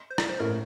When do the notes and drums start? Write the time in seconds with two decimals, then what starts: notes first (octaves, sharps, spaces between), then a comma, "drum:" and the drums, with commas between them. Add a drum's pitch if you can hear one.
0.10 C5
0.18 D5, drum: rim click
0.29 C5
0.39 A2 A#4